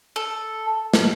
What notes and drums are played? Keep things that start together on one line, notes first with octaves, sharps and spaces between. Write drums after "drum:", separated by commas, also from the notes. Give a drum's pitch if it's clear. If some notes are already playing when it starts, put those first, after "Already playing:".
A4
drum: snare